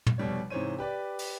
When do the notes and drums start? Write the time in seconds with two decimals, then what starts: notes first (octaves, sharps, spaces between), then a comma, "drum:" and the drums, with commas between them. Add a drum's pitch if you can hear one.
0.06 drum: tom
0.18 F1 B2 G3 C#5
0.50 G#2 C3 E3 C5 C#5 D#7
0.79 G4 B4 D5
1.19 drum: open hi-hat